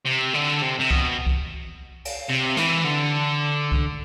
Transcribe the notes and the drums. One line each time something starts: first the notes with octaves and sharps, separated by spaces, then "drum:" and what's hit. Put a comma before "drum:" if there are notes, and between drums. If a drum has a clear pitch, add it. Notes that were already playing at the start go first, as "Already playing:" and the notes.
C3
D3
C3
C3
B2, drum: kick C2
drum: kick C2
drum: cymbal
C3
E3, drum: snare
D3
drum: kick C2